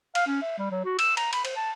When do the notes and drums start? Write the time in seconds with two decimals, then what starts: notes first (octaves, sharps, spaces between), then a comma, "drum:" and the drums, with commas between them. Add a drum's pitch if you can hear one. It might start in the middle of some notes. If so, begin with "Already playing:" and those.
0.15 F5, drum: cymbal
0.27 C#4
0.42 E5
0.58 G3
0.71 F#3
0.85 F#4
0.99 E6, drum: cymbal
1.17 A#5, drum: cymbal
1.33 B5, drum: cymbal
1.45 C5, drum: cymbal
1.56 A5